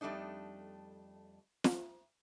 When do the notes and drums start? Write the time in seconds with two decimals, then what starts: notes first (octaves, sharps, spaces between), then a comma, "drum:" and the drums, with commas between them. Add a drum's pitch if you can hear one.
0.01 F2 G3 A3 D4 D#4
1.64 drum: snare